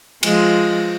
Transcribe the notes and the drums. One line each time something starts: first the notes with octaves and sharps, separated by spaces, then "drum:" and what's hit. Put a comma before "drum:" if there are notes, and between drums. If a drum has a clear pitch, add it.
F3 G#3, drum: cymbal